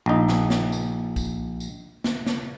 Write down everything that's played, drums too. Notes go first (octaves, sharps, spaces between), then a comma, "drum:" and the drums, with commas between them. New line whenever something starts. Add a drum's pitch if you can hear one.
A#1 D#4
drum: snare
drum: snare
drum: tambourine
drum: kick B1, tambourine
drum: tambourine
drum: snare
drum: snare